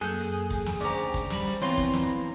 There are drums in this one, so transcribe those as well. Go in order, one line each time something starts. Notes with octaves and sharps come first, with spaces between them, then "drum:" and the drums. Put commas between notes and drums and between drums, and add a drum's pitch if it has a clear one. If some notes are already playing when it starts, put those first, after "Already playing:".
F#2 A#3 G#4 A4 F#6 G6
drum: hi-hat
drum: kick, hi-hat
drum: snare
D2 C#4 G4 C5 D5 A#5, drum: hi-hat
drum: kick, hi-hat
G3 A#5 B5, drum: snare
drum: hi-hat
E3 B3 C4 F4 C#5 A#5 C6
drum: kick, hi-hat
drum: snare